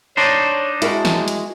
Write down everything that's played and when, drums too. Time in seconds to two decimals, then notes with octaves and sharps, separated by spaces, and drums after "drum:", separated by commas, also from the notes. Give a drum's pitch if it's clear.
0.17 D4 D#4 C5 C#5
0.82 G#3 E4 F#4 A#4, drum: hi-hat
1.05 drum: snare
1.28 drum: hi-hat